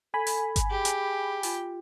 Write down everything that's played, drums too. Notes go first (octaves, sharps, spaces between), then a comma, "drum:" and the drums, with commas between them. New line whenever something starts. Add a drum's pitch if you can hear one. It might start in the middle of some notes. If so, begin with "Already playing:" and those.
A4 G#5 B5
drum: open hi-hat
drum: kick G1, hi-hat
G4 G#4
drum: hi-hat
F4, drum: open hi-hat